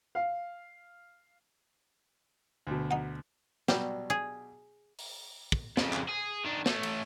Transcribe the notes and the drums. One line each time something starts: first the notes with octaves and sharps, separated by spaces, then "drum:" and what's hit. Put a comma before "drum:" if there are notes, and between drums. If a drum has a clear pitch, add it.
F5
D2 B2
D#4 F#5
B2 F#3 G3 G4, drum: snare
G#4
drum: open hi-hat
drum: kick
F2 C#3, drum: snare
drum: clap
G#4
D#3 D4
A3 C#4, drum: snare
drum: cymbal